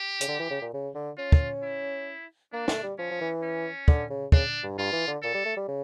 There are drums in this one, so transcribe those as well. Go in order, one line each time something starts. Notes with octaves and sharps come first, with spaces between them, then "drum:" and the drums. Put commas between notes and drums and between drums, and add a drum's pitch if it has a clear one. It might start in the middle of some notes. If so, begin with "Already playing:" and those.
Already playing: G4
C#3, drum: hi-hat
D3
E3
C#3
A#2
C#3
D3
C#4 F4
drum: kick
E4
A#3 D4
A3, drum: snare
G3
F3 C#4
F3
E3
C#4
D3, drum: kick
C#3
C#3 D4, drum: kick
G2
G2 F4
E3
D3
A#2 A4
G3
A3
G3
C#3